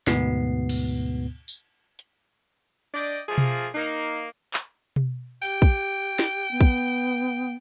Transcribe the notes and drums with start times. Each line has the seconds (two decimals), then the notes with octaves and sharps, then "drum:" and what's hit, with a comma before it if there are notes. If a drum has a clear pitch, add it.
0.07 D2 G#2 B2 B3 C7, drum: snare
0.69 drum: cymbal
1.48 drum: tambourine
1.99 drum: hi-hat
2.94 D4 D5 D#5 G5
3.28 F3 A3 A#3 G#4
3.38 drum: tom B2
3.74 A#3 D#4
4.54 drum: clap
4.96 drum: tom B2
5.42 G4 G5
5.62 drum: kick
6.19 drum: snare
6.51 B3
6.61 drum: kick